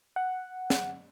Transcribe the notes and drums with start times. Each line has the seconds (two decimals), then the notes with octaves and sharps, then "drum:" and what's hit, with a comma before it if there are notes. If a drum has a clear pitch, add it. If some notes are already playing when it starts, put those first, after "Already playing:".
0.16 F#5
0.70 drum: snare